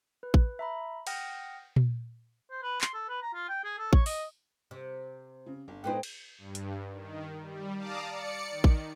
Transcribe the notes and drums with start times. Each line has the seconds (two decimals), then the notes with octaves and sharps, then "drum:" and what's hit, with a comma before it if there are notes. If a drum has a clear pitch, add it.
0.23 B4
0.34 drum: kick A1
0.59 E5 A#5 B5
1.07 F#5 G5 D#6 F6 A#6, drum: cymbal
1.76 drum: tom A#2
2.51 C5
2.63 B4
2.81 C6, drum: clap
2.94 A4
3.09 B4
3.22 A#5
3.34 F4
3.49 G5
3.64 G#4
3.78 A4
3.93 C#5, drum: kick A1
4.06 D#5, drum: open hi-hat
4.71 C3
5.46 C#3
5.68 G1
5.84 A2 G#3 B3 D#4 B4 C5 G5
6.03 drum: cymbal
6.38 G2
6.55 drum: hi-hat
6.92 D#3
7.41 G3
7.77 D5 F5 A5 A#5 D6 D#6
8.08 D5 C#7
8.51 D#3
8.64 drum: kick A1